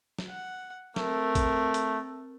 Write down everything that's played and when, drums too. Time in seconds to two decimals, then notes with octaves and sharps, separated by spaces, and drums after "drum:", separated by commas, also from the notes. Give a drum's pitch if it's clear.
0.19 drum: snare
0.29 F#5
0.96 A3 C4 A#4, drum: snare
1.35 drum: kick A1, hi-hat
1.74 drum: hi-hat